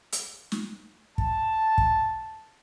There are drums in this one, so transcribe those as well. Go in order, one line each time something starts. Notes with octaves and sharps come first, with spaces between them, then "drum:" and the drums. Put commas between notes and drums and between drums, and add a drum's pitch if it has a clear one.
drum: hi-hat
drum: snare
A5, drum: kick
drum: kick